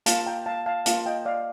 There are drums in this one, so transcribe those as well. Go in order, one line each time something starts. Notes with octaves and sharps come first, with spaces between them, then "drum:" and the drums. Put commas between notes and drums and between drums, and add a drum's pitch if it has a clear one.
A#3 F4 F5 A5, drum: hi-hat
G5 A#5
F5 A5
F5 A5
A#3 F4 F5 A5, drum: hi-hat
D#5 G5
D5 F5